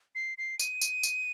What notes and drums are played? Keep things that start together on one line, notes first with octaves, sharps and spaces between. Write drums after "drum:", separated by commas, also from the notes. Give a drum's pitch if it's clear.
C7
C7
D#7, drum: tambourine
drum: tambourine
drum: tambourine